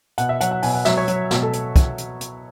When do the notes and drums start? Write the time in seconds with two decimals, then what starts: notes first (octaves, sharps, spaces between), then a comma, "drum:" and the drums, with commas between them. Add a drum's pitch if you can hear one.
0.18 B2 F#5, drum: hi-hat
0.29 E5
0.41 F#3 F#5, drum: hi-hat
0.51 F#5
0.62 B2 G#5, drum: open hi-hat
0.74 F#5
0.85 F#3 E5, drum: snare
0.97 C#5
1.08 F#3, drum: hi-hat
1.31 B2, drum: snare
1.43 A4
1.53 drum: hi-hat
1.76 drum: kick, hi-hat
1.98 drum: hi-hat
2.21 drum: hi-hat